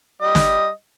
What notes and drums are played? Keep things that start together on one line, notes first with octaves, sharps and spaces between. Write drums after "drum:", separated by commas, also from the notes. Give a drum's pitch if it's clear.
G3 D#5
drum: snare